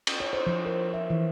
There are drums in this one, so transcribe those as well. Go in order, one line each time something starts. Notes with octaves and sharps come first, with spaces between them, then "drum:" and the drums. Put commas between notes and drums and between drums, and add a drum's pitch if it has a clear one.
drum: cymbal
C#5
C5
F3
A#4
E5
E3